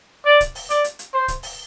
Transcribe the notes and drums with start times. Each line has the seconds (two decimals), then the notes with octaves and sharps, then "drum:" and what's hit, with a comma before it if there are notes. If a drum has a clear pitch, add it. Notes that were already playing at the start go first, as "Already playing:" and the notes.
0.26 D5
0.41 drum: kick C#1, hi-hat
0.55 drum: open hi-hat
0.70 D5, drum: hi-hat
0.84 drum: hi-hat
0.99 drum: hi-hat
1.14 C5
1.28 drum: kick C#1, hi-hat
1.43 drum: open hi-hat